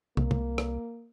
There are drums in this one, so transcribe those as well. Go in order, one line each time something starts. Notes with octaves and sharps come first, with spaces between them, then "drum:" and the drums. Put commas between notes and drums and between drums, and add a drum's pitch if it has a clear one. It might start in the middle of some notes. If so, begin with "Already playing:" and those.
C2 A#3, drum: tom
drum: tom
drum: rim click